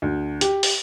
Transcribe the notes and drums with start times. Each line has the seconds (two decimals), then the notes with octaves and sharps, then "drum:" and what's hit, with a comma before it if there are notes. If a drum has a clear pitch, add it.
0.02 D2
0.41 G4, drum: hi-hat
0.63 drum: open hi-hat